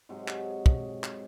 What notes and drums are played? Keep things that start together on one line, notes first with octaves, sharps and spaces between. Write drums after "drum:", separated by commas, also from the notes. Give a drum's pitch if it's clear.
G#2 C3 F#3 G#3
drum: clap
drum: kick
drum: clap